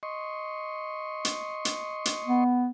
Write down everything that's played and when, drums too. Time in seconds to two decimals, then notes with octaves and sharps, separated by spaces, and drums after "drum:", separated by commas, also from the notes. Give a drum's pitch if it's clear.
0.03 D#5 C6 C#6
1.25 drum: hi-hat
1.65 drum: hi-hat
2.05 drum: hi-hat
2.26 B3